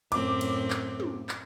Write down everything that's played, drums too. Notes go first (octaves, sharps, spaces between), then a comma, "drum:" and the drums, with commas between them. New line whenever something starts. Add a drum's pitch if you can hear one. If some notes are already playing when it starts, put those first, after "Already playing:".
F#2 A2 C4 D6, drum: cymbal
drum: cymbal
drum: clap
drum: tom
drum: clap